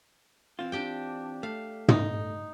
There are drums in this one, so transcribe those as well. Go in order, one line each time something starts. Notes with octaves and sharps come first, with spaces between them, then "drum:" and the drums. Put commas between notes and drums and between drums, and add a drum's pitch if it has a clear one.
E3 C4 F4
D4 G4 G5
A3 F5
D#4, drum: tom